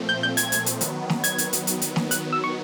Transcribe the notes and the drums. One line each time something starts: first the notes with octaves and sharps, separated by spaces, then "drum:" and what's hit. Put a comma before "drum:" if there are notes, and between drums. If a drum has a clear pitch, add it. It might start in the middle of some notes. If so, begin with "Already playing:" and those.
Already playing: A#2 F3 A3 C4
G6
G6
G#6, drum: hi-hat
drum: hi-hat
drum: hi-hat
D#3 F#3 B3, drum: hi-hat
drum: snare
G#6, drum: hi-hat
drum: hi-hat
drum: hi-hat
drum: hi-hat
drum: hi-hat
drum: snare
F#6, drum: hi-hat
E6
C#6